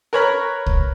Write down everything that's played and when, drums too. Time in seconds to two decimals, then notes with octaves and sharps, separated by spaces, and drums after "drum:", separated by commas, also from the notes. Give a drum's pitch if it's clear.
0.13 A#4 B4 C#5 A#5 B5 F6
0.66 drum: kick C2